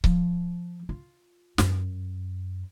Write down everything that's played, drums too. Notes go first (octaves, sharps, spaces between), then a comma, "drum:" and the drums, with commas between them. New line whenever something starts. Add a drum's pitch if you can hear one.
F3, drum: kick C#1
F4
F#2, drum: snare